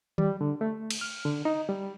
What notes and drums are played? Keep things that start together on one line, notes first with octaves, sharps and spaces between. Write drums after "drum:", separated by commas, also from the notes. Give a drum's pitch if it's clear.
G3, drum: tom
D3
A3
drum: cymbal
F6
D3
D#4
G3